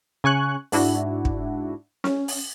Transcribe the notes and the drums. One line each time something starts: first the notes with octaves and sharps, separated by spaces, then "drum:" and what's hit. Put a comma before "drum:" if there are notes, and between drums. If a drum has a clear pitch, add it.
C#3 G#5 C#6 F#6
G#2 D4 E4 F#4, drum: open hi-hat
drum: kick
C#4, drum: snare
drum: open hi-hat